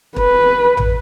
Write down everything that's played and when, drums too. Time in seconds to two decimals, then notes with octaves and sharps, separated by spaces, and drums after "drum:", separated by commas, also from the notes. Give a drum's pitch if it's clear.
0.16 B4, drum: kick
0.77 drum: tom A1